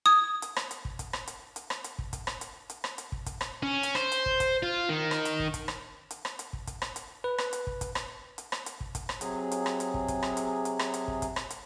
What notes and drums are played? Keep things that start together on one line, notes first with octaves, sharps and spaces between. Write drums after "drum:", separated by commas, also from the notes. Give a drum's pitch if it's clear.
D#6 G#6
drum: hi-hat
drum: rim click
drum: hi-hat
drum: kick
drum: kick, hi-hat
drum: rim click
drum: hi-hat
drum: hi-hat
drum: rim click
drum: hi-hat
drum: kick
drum: kick, hi-hat
drum: rim click
drum: hi-hat
drum: hi-hat
drum: rim click
drum: hi-hat
drum: kick
drum: kick, hi-hat
drum: rim click
C#4
drum: hi-hat
C5, drum: rim click
drum: hi-hat
drum: kick
drum: kick, hi-hat
F4
D#3
drum: rim click
drum: hi-hat
drum: kick
drum: kick, hi-hat
drum: rim click
drum: hi-hat
drum: rim click
drum: hi-hat
drum: kick
drum: kick, hi-hat
drum: rim click
drum: hi-hat
B4
drum: rim click
drum: hi-hat
drum: kick
drum: kick, hi-hat
drum: rim click
drum: hi-hat
drum: rim click
drum: hi-hat
drum: kick
drum: kick, hi-hat
drum: rim click
C3 F#3 G#4, drum: hi-hat
drum: hi-hat
drum: rim click
drum: hi-hat
drum: kick
drum: kick, hi-hat
drum: rim click
drum: hi-hat
drum: hi-hat
drum: rim click
drum: hi-hat
drum: kick
drum: kick, hi-hat
drum: rim click
drum: hi-hat